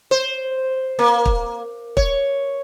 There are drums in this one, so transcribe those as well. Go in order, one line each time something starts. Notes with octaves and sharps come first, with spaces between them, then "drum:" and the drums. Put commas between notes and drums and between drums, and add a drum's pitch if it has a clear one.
C5
A#3
drum: kick
C#5, drum: kick